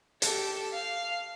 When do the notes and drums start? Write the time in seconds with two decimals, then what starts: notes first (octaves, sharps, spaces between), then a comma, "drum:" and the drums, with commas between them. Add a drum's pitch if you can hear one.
0.22 G4 A4, drum: hi-hat
0.74 F5